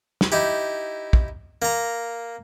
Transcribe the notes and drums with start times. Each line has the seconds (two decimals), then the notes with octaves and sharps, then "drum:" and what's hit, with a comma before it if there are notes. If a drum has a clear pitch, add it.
0.21 drum: snare
0.32 D#4 E4 G4
1.13 drum: kick
1.62 A#3 A#5